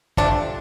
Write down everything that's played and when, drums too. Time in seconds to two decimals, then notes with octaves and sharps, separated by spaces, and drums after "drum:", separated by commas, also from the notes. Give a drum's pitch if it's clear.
0.17 C3 F3 A3 D4, drum: kick